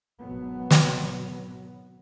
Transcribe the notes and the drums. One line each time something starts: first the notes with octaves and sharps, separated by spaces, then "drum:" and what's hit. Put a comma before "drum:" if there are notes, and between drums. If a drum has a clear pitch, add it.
G#1 B2 F#3 B3
drum: snare